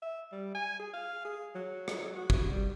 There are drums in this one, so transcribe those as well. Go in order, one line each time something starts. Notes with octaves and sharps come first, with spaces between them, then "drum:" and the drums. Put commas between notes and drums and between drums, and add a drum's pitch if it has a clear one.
E5
G3
G#5
G#4
F5
G#4
F#3
drum: rim click
F#4
drum: kick
G3